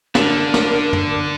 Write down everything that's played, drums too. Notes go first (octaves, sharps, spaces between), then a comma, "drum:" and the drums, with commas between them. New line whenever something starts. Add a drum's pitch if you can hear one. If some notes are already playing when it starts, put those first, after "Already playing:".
D3 D4 A#4, drum: snare
drum: snare
drum: tom